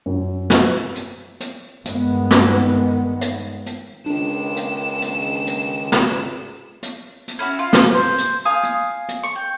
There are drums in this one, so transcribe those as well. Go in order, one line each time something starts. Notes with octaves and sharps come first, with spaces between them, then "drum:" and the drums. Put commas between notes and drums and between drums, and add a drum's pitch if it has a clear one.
F#2
drum: snare
drum: hi-hat
drum: hi-hat
G2 D#3 G#3 B3, drum: hi-hat
drum: snare
drum: hi-hat
drum: hi-hat
C#2 D#3 D4 E7
drum: hi-hat
drum: hi-hat
drum: hi-hat
drum: snare
drum: hi-hat
drum: hi-hat
C#4 E4 F#4
F4
drum: snare
C5
drum: hi-hat
F5 G#5 D#6
drum: hi-hat
drum: hi-hat
C#6
G5